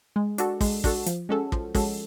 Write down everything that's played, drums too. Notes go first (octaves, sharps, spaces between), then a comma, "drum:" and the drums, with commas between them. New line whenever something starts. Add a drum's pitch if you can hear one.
G#3
D4 F#4 A4, drum: hi-hat
G#3, drum: kick, open hi-hat
D4 F#4 A4, drum: kick, open hi-hat
F3, drum: hi-hat
G#3 C#4 F#4 A4
F3, drum: kick
G#3 C#4 F#4 A4, drum: kick, open hi-hat